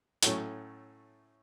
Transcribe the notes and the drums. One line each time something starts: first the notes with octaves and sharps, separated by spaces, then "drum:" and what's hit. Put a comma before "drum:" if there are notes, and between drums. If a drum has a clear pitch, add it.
A2 F#3 A3 C#4, drum: hi-hat